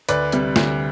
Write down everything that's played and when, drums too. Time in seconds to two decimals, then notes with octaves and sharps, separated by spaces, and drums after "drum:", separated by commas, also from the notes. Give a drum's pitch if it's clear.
0.09 D2 B4 D5, drum: hi-hat
0.32 C3 G3, drum: hi-hat
0.56 D2, drum: snare